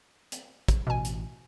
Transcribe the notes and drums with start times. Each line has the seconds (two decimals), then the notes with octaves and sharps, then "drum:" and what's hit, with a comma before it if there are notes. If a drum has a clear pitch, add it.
0.32 drum: hi-hat
0.68 drum: kick, hi-hat
0.87 A1 B2 G#5
1.05 drum: hi-hat